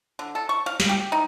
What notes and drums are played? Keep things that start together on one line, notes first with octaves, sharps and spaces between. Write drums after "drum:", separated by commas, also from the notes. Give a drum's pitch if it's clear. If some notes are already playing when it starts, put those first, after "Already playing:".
D3
A4
C#6
F5
drum: snare
G4
D#4